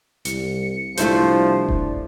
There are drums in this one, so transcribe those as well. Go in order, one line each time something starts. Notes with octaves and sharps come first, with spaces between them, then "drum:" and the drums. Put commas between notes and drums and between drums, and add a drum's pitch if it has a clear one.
C2 C#7, drum: hi-hat
C2 F3 A3 D4 E4 C5, drum: hi-hat
drum: kick D#1